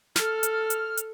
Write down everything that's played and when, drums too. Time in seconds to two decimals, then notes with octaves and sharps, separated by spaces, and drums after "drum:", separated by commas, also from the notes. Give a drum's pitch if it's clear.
0.16 A4 F6, drum: snare
0.43 drum: hi-hat
0.70 drum: hi-hat
0.97 drum: hi-hat